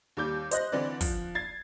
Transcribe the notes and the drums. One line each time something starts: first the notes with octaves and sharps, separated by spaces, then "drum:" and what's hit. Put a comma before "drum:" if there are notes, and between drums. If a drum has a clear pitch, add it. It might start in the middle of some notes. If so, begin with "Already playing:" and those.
D#2 G3 D6 G6
C5 D#5 F#6 A#6, drum: hi-hat
D3 E3 C4 B4 C5 D5
F3, drum: kick, open hi-hat
G#6 A6 C7